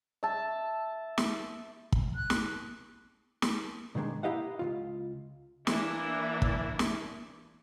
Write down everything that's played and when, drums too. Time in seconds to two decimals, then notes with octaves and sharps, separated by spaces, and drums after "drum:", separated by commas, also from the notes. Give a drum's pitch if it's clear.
0.23 E5 A5
1.18 drum: snare
1.92 drum: kick
2.15 F#6
2.30 drum: snare
3.42 drum: snare
3.95 G#2 B2 D#3 G#3 D4
4.23 A#3 E4 G4 D#5 F5 F#5
4.59 C#2 B2 F4
5.67 E3 A#3 D4 E4, drum: snare
6.42 drum: kick
6.79 drum: snare